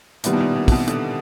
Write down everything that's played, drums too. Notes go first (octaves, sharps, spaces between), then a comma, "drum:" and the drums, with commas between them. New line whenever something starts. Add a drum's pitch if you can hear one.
A#2 D#3 G3 B3 E4, drum: hi-hat
B2
A#2
A#2
C3, drum: kick, open hi-hat
B2
D3, drum: hi-hat